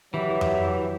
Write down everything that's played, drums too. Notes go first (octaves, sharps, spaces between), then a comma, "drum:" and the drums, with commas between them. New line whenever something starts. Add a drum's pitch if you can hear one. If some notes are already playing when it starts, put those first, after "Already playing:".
E3 F#3 G4 E5
drum: tom F2